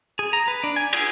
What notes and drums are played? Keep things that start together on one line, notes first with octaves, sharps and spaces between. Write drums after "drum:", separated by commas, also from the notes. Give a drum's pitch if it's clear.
G#4
A#5
B4
D4
G#5
G#4, drum: cymbal